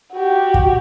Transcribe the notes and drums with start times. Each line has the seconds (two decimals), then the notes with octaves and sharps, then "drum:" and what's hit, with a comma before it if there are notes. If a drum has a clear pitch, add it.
0.13 F#4 G4
0.54 drum: kick